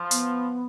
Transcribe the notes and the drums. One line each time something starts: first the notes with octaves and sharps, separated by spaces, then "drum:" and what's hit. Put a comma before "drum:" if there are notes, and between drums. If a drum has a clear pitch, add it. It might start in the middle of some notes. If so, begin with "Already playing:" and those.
Already playing: F3
B3, drum: hi-hat